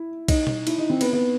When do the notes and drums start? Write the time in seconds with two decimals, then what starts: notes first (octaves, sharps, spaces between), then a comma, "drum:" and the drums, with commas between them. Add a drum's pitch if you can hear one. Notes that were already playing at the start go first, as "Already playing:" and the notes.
Already playing: E4
0.28 D#4, drum: kick B1, cymbal
0.47 drum: tom B2
0.67 E4, drum: cymbal
0.78 D#4
0.90 C4
1.01 B3, drum: cymbal
1.13 B3